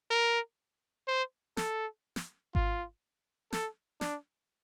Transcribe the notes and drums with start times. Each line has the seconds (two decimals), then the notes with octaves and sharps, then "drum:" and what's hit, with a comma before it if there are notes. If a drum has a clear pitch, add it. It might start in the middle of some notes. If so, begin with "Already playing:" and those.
0.11 A#4
1.08 C5
1.57 A4, drum: snare
2.16 drum: snare
2.55 F4, drum: kick G#1
3.53 A4, drum: snare
4.01 D4, drum: snare